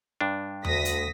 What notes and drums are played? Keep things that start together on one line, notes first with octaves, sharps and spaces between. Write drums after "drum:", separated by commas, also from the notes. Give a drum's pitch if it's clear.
G2 D4
D2 D#6 A#6 B6, drum: tom E2
drum: hi-hat